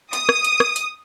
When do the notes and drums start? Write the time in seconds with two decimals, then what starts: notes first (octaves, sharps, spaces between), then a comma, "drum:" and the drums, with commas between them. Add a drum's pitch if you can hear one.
0.13 D#6, drum: hi-hat
0.29 drum: rim click
0.44 drum: hi-hat
0.60 drum: rim click
0.76 drum: hi-hat